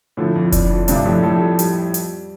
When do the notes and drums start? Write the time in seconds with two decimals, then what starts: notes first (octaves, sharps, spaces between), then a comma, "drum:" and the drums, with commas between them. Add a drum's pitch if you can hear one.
0.17 A2 D3 F3
0.36 F2
0.52 D4, drum: kick F1, hi-hat
0.70 F2
0.88 G2 C3 D4, drum: hi-hat
1.05 F2 A2 G3
1.23 F2 A2 A4
1.41 G3
1.59 G3, drum: hi-hat
1.94 drum: hi-hat